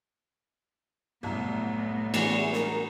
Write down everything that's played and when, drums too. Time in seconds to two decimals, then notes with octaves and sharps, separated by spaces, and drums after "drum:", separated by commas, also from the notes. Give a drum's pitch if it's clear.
1.23 C2 F#2 A2 B3
2.14 E2 E3 G3 G#3 F#4, drum: cymbal
2.53 A#4, drum: snare